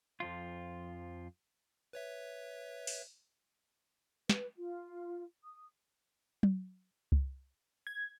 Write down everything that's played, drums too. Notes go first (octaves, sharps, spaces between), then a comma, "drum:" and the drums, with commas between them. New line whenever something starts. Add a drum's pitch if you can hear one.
F2 F3 F4
B4 C#5 E5
drum: open hi-hat
B4, drum: snare
F4
D#6
drum: tom F#3
drum: kick C2
G#6